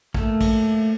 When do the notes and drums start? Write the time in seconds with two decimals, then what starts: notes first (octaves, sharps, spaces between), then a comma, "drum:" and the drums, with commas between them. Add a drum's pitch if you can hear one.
0.14 A3 A#3, drum: kick
0.41 drum: kick, cymbal